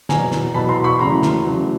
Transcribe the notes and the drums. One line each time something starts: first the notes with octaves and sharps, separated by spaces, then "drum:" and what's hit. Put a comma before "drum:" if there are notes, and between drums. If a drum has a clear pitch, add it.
E2 B2 F#3 G#5 A#5, drum: snare
drum: snare
E2 B2 F#3 A5 B5
A#5 C6
B5 C#6
E2 C#3 F#3 A3 A#5 C6
drum: snare
E2 C#3 F#3 A3